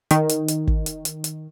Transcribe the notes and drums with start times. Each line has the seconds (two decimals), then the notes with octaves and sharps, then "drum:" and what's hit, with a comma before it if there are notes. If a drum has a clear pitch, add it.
0.11 D#3, drum: hi-hat
0.30 drum: hi-hat
0.49 drum: hi-hat
0.67 drum: kick
0.86 drum: hi-hat
1.05 drum: hi-hat
1.24 drum: hi-hat